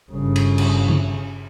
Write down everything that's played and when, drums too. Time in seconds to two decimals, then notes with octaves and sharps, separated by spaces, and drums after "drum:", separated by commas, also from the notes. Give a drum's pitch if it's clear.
0.11 G1 C#3
0.36 drum: cymbal
0.58 drum: cymbal
0.88 drum: tom